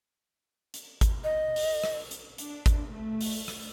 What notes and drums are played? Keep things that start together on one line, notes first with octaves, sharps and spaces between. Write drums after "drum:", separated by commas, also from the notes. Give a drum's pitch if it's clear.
drum: hi-hat
drum: kick G#1, hi-hat
D#5
drum: open hi-hat
drum: rim click
drum: hi-hat
D4, drum: hi-hat
drum: kick G#1, hi-hat
A3
drum: open hi-hat
drum: rim click